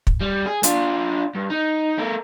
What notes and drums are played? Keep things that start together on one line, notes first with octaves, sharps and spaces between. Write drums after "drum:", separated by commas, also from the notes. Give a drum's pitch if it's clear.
drum: kick
G3
G#4
D4 F4, drum: hi-hat
G2
D#4
A3 A#4